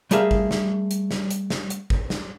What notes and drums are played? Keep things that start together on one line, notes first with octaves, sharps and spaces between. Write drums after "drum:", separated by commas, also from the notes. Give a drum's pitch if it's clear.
G3 A3 G#4 A#4 E5 F5, drum: hi-hat
drum: kick G#1
drum: snare
drum: hi-hat
drum: snare
drum: hi-hat
drum: snare
drum: hi-hat
drum: kick G#1
drum: snare